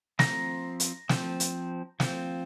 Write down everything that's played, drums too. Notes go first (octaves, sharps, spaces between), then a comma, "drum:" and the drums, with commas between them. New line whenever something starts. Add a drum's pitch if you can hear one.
F3 C4 A#5, drum: snare
drum: hi-hat
F3 C4, drum: snare
drum: hi-hat
F3 C4, drum: snare